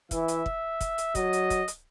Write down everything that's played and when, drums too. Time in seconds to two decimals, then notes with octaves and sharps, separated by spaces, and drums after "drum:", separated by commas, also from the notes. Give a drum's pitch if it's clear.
0.11 E3 E5, drum: kick, hi-hat
0.28 drum: hi-hat
0.46 drum: kick
0.81 drum: kick, hi-hat
0.98 drum: hi-hat
1.15 F#3 D#5, drum: kick, hi-hat
1.33 drum: hi-hat
1.50 drum: kick, hi-hat
1.68 drum: hi-hat